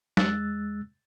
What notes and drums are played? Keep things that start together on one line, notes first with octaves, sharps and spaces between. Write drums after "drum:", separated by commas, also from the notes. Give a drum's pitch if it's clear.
E2 G#3 E6 F#6 A6, drum: snare